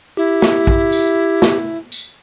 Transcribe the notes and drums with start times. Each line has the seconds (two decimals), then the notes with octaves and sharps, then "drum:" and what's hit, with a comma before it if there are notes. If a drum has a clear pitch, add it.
0.17 E4 G4
0.42 drum: snare
0.67 drum: kick
0.92 drum: tambourine
1.42 drum: snare
1.92 drum: tambourine